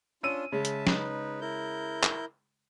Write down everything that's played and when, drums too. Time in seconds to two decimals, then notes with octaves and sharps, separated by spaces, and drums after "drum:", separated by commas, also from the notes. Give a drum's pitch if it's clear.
0.23 C#4 D4 F4 E6 D#7
0.52 C#3 G#3 E5 A5
0.65 drum: hi-hat
0.87 D#4 B4, drum: snare
1.41 E4 A#4 G6
2.03 drum: clap